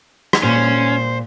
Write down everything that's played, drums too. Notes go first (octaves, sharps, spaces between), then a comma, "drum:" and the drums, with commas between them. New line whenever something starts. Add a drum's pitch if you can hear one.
drum: rim click
A#2 C#4 C5